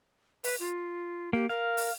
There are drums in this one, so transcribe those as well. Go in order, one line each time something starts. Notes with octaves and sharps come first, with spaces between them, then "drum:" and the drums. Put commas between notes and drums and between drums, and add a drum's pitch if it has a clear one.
B4, drum: open hi-hat
F4
A#3 G4
A#4 F5
drum: open hi-hat